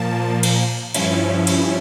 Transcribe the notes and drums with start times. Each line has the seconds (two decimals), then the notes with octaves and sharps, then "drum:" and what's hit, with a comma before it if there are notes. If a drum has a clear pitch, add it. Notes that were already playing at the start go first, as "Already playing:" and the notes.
Already playing: A#2 F3 A#3 A5
0.43 drum: cymbal
0.94 G2 F3 C#4 E4, drum: cymbal
1.47 drum: cymbal